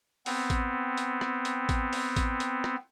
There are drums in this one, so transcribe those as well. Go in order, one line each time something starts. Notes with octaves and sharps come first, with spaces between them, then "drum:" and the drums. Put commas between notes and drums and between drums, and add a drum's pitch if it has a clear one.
B3 C4, drum: open hi-hat
drum: kick A1, hi-hat
drum: hi-hat
drum: rim click
drum: hi-hat
drum: kick A1, hi-hat
drum: open hi-hat
drum: kick A1, hi-hat
drum: hi-hat
drum: rim click